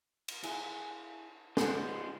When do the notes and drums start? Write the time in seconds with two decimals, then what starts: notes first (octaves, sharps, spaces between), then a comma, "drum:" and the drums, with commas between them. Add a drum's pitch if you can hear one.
0.28 drum: cymbal
0.43 E4 G#4, drum: cymbal
1.57 C#3 F3 G#3 B4 F#5 A5, drum: snare